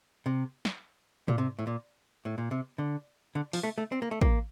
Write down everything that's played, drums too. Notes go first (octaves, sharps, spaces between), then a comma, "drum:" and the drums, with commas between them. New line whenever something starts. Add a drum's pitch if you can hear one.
C3
drum: snare
A#2, drum: tom
C3
A2
A#2
A2
A#2
C3
D3
D3
F3, drum: open hi-hat
A3
A3
C4
A#3
A3
A#3, drum: kick